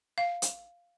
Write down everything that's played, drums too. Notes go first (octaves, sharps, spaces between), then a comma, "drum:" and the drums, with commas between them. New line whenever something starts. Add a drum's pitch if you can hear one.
F5
drum: hi-hat